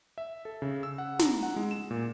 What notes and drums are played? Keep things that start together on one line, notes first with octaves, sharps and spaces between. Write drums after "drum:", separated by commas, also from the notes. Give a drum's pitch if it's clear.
E5
A4
C#3
E6
F#5
A#5, drum: snare
F#5
G#3
E7
A#2